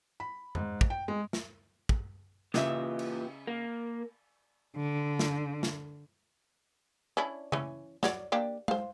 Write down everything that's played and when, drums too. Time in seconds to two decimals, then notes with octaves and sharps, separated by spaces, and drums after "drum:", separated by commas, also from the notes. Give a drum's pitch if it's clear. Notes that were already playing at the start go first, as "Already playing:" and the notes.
0.20 B5
0.55 G#2, drum: tom F2
0.81 drum: kick
0.90 G5
1.08 G#3
1.33 drum: snare
1.89 drum: kick
2.54 A#2 C#3 E3 G4 D#5 E5, drum: snare
2.99 drum: cymbal
3.47 A#3
4.76 D3
5.19 drum: snare
5.63 drum: snare
7.17 C#4 D4 E4
7.52 E3 C#4, drum: tom C#3
8.03 F#3 C#5 D5, drum: snare
8.32 A#3 D4 G4
8.68 C5 F5, drum: tom G#3